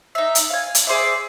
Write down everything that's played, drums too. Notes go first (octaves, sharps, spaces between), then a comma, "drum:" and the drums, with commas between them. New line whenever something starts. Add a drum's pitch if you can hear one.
D#4 E5
drum: hi-hat
F5 G#5
drum: hi-hat
G#4 C5 D5 E5